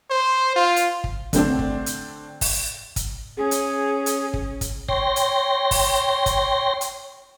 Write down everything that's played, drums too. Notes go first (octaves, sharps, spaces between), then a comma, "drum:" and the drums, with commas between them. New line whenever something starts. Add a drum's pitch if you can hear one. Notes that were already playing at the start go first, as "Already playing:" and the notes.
C5
F4
drum: hi-hat
drum: kick
D3 A3 C4 D4, drum: kick, hi-hat
drum: kick
drum: hi-hat
drum: kick, open hi-hat
drum: kick, hi-hat
C#4 G#4
drum: hi-hat
drum: hi-hat
drum: kick
drum: kick, hi-hat
C#5 G5 C6 A#6, drum: kick
drum: hi-hat
drum: kick, open hi-hat
drum: kick, hi-hat
drum: hi-hat